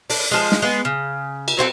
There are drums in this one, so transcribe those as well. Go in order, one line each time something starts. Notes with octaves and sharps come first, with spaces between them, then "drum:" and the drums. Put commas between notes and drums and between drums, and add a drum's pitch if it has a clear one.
D4, drum: open hi-hat
F3 G#3
drum: snare
G#3 B3
C#3
drum: cymbal
F#3 C4 G4 A4